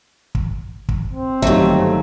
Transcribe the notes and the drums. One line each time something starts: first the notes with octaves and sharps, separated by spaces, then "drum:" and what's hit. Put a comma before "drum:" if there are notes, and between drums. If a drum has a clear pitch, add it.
drum: kick
drum: kick
C4
G1 D#2 D#3 F#3 A3 G4 E5, drum: kick